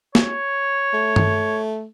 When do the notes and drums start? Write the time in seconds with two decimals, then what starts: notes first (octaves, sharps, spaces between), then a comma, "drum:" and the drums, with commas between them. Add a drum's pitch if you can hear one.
0.15 C#5, drum: snare
0.93 A3
1.16 drum: tom G2